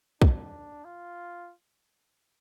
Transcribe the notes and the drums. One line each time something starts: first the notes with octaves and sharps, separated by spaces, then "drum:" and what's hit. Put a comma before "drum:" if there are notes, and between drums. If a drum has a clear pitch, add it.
D4, drum: kick
F4